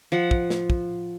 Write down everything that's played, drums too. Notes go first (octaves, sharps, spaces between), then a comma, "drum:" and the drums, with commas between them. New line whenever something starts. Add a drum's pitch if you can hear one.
F3 F#5
drum: kick
drum: snare
drum: kick